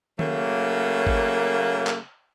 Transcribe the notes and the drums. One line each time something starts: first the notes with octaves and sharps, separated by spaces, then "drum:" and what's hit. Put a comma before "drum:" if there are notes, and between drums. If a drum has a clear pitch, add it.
C#3 F#3 A3 A#3, drum: tom D#3
drum: kick
drum: clap